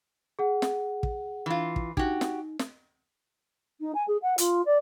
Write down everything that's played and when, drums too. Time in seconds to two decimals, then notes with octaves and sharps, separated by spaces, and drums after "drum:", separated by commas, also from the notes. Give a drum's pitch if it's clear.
0.39 G#4 F#5
0.62 drum: snare
1.03 drum: kick
1.46 E3 F4
1.76 drum: kick
1.97 D#4 F#4 G4, drum: kick
2.21 drum: snare
2.59 drum: snare
3.80 D#4
3.95 G#5
4.07 G#4
4.22 F#5
4.38 F4, drum: hi-hat
4.65 D5